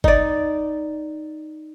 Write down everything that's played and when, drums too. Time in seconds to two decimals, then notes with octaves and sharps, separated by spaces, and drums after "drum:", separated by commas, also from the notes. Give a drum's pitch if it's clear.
0.04 D#4 D5, drum: kick F#1